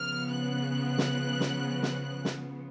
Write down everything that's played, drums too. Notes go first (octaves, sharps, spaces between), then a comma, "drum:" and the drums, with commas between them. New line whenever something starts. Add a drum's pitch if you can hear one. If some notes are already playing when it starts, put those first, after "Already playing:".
Already playing: C#3 F3 B3 F6
F#6
drum: snare
drum: snare
drum: snare
drum: snare